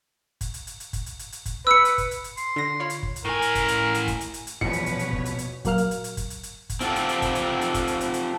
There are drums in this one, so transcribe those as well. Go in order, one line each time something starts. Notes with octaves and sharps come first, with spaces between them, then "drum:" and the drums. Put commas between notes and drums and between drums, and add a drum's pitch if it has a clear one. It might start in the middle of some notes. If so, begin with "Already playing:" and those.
drum: kick, hi-hat
drum: hi-hat
drum: hi-hat
drum: hi-hat
drum: kick, hi-hat
drum: hi-hat
drum: hi-hat
drum: hi-hat
drum: kick, hi-hat
B4 E6 C#7
drum: hi-hat
drum: kick, hi-hat
drum: hi-hat
drum: hi-hat
C6, drum: hi-hat
D3 A#6
F4 C#5 B5
drum: hi-hat
drum: kick
drum: hi-hat
A2 A#4 G#5
drum: hi-hat
drum: kick, hi-hat
drum: hi-hat
drum: hi-hat
drum: kick, hi-hat
drum: hi-hat
drum: hi-hat
drum: hi-hat
D#1 A#1 E2 B2 F3 B4 C#5 C#7, drum: kick
drum: hi-hat
drum: hi-hat
drum: hi-hat
drum: kick
drum: hi-hat
drum: hi-hat
A#2 F#3 A#4 F5 F6, drum: kick, hi-hat
drum: hi-hat
drum: hi-hat
drum: hi-hat
drum: kick, hi-hat
drum: hi-hat
drum: hi-hat
drum: kick, hi-hat
C4 F4 G4 A4, drum: hi-hat
drum: hi-hat
drum: hi-hat
drum: kick, hi-hat
drum: hi-hat
drum: hi-hat
drum: kick, hi-hat
drum: hi-hat
drum: hi-hat
drum: hi-hat